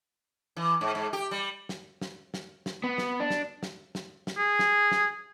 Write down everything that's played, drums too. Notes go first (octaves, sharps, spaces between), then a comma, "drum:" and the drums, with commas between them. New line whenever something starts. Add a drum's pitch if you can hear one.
E3
G#2
G#2
G4
G3
drum: snare
drum: snare
drum: snare
drum: snare
B3
drum: snare
D4
drum: snare
drum: snare
drum: snare
drum: snare
G#4
drum: snare
drum: snare